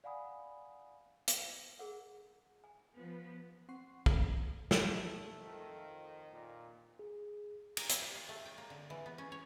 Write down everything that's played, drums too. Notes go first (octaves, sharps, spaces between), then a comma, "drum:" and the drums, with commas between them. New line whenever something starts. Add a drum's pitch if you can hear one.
D5 F5 F#5 G#5 B5 D#6
drum: hi-hat
G#4 A#4 F#5
G#5
F3 B3
C4 F#5 C6 C#6 F#6 C7
G#3 A3 C#4, drum: kick
A3, drum: snare
F2 D#3 F3
A#2
G#4
A#4, drum: cymbal
E4, drum: hi-hat
G4
F5
A3
G5
A#3
D3
E3
B3
C#4
C#5